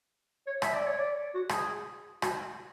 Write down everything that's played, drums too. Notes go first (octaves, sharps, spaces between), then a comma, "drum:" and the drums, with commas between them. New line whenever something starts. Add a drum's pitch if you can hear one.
C#5
E5, drum: rim click
D5
C#5
D5
F#4
G#4, drum: rim click
F#4, drum: rim click